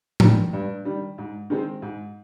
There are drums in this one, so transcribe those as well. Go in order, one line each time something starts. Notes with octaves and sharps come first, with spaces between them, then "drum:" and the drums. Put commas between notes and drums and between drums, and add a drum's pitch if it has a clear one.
G3, drum: tom A2
D#3
G2
D#3 G3
G#2
D#3 G#3 C4
G#2